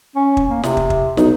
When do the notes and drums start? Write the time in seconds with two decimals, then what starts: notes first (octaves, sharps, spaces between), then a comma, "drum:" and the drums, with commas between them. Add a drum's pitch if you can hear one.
0.16 C#4
0.37 drum: kick
0.49 A#3
0.63 C3, drum: snare
0.77 drum: kick
0.90 drum: kick
1.17 B1 D#4, drum: snare